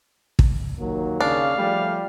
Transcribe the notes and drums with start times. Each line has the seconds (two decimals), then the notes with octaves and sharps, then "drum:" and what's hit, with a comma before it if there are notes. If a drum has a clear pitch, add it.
0.39 drum: kick
0.79 D#2 F#3 A#3
1.21 C#3 D4 F5
1.57 F3 G3 A3